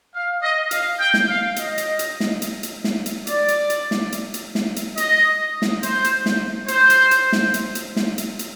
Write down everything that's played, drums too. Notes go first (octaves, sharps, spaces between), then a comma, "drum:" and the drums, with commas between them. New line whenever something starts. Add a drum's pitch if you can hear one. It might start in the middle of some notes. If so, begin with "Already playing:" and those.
F5
D#5
F5, drum: hi-hat
G5
drum: snare
F5
D#5, drum: hi-hat
drum: hi-hat
drum: hi-hat
drum: snare
drum: hi-hat
drum: hi-hat
drum: snare
drum: hi-hat
D5, drum: hi-hat
drum: hi-hat
drum: hi-hat
drum: snare
drum: hi-hat
drum: hi-hat
drum: snare
drum: hi-hat
D#5, drum: hi-hat
drum: snare
C5, drum: hi-hat
drum: hi-hat
drum: snare
C5, drum: hi-hat
drum: hi-hat
drum: hi-hat
drum: snare
drum: hi-hat
drum: hi-hat
drum: snare
drum: hi-hat
drum: hi-hat